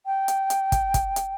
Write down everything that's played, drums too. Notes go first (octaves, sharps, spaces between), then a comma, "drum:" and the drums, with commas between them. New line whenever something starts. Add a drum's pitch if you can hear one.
G5
drum: hi-hat
drum: hi-hat
drum: kick, hi-hat
drum: kick, hi-hat
drum: hi-hat